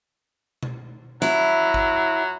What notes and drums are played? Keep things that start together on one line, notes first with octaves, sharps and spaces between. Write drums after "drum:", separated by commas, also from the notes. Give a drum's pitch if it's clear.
drum: tom B2
F#3 E4, drum: snare
drum: kick G#1